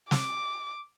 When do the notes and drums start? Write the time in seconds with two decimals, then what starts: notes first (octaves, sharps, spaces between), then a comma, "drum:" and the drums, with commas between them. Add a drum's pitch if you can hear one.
0.11 D6, drum: snare